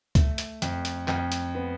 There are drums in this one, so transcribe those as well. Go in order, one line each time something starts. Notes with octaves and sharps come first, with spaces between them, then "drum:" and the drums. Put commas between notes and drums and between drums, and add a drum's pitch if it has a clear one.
A3, drum: kick, hi-hat
drum: hi-hat
F2, drum: hi-hat
drum: hi-hat
F2, drum: clap
drum: hi-hat
B3